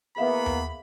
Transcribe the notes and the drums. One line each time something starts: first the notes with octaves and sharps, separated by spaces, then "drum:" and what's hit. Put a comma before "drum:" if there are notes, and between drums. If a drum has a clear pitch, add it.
E3 A#3 B3 G#4 E5 F5 B5
drum: tom D#2